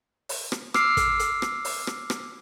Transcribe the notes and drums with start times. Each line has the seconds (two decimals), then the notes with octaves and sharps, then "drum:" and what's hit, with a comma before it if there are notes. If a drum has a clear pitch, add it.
0.29 drum: open hi-hat
0.52 drum: rim click
0.74 D6 E6 F6 C7, drum: rim click
0.97 drum: kick, hi-hat
1.19 drum: hi-hat
1.42 drum: rim click
1.65 drum: open hi-hat
1.87 drum: rim click
2.10 drum: rim click